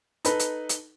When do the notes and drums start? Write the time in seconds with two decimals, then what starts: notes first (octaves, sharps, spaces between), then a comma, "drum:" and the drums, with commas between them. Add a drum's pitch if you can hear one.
0.25 D#4 A4 B4, drum: hi-hat
0.39 drum: hi-hat
0.69 drum: hi-hat